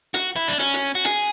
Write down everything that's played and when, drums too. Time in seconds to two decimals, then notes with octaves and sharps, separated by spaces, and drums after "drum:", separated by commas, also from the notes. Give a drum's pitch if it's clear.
0.14 F#4, drum: hi-hat
0.36 E4
0.48 D4
0.59 C#4, drum: hi-hat
0.74 drum: hi-hat
0.95 F#4
1.05 G#4, drum: hi-hat